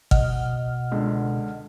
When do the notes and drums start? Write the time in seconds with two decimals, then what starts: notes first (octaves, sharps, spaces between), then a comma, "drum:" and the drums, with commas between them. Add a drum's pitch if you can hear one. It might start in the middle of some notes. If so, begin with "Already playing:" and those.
0.11 B2 D#5 F#5 F6, drum: kick G#1
0.91 C#2 D3